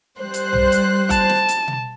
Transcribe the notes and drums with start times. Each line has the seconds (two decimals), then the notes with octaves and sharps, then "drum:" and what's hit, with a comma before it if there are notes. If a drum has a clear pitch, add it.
0.21 G3 C5 F#6
0.34 drum: hi-hat
0.53 drum: tom B1
0.72 drum: hi-hat
1.10 A5, drum: kick F#1, hi-hat
1.29 drum: snare
1.49 drum: hi-hat
1.68 drum: tom B2